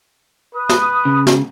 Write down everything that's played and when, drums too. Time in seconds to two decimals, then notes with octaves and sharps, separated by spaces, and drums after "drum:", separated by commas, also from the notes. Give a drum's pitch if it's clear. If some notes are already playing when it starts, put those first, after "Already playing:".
0.55 B4 D#6
0.69 drum: snare
1.05 C#3
1.27 drum: snare